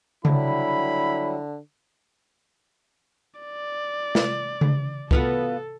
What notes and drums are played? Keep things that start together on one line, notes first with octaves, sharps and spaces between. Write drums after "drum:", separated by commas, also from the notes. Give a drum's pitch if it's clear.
D3 F#3 G3 E4 B5, drum: tom C#3
D5
drum: snare
drum: tom C#3
B3 F4 F#4 A4, drum: kick